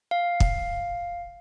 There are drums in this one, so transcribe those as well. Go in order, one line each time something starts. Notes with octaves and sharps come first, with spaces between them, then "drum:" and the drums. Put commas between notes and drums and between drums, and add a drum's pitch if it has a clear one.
F5
drum: kick